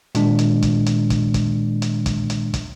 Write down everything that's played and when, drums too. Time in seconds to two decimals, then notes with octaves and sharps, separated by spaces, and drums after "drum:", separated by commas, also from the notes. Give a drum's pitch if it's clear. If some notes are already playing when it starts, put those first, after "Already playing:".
0.15 A#2 D#3 G#3 D4, drum: hi-hat
0.39 drum: hi-hat
0.62 drum: kick, hi-hat
0.86 drum: hi-hat
1.10 drum: kick, hi-hat
1.34 drum: kick, hi-hat
1.82 drum: hi-hat
2.06 drum: kick, hi-hat
2.30 drum: hi-hat
2.54 drum: kick, hi-hat